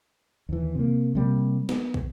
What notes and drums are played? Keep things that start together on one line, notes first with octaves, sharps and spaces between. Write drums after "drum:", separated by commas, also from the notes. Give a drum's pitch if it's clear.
D#2 E3
C3 A#3
C3 G3 A#3
B3, drum: snare
drum: kick